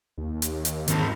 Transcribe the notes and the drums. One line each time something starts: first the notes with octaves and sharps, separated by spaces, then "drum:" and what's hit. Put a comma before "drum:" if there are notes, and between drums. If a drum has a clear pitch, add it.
D#2
drum: hi-hat
drum: hi-hat
G#2 D#3 C4, drum: hi-hat